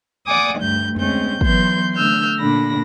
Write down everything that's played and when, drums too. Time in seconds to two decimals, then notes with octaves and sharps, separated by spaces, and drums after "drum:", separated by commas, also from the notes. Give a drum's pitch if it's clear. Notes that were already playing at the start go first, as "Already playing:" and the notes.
0.26 D5 F#5 G#5 D6 D#6
0.59 D2 G2 G3 A3 G6
0.96 D2 G#3 C4 C#4 G6, drum: tom F2
1.41 E3 F#3 B3 C6 G6, drum: kick
1.95 D3 A3 E6 F6 G6
2.38 A#2 D3 D4 B5 A#6